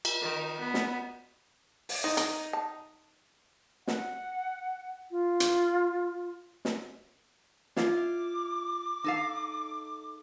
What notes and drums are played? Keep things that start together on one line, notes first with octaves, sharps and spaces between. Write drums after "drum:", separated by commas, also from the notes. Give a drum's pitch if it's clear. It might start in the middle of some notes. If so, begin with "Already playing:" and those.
drum: cymbal
D#3
B3
drum: snare
drum: open hi-hat
D#4 C5
A#4, drum: hi-hat
A5
F#5, drum: snare
F4
drum: hi-hat
drum: snare
E4 F4 D6, drum: snare
D#4 A4 F5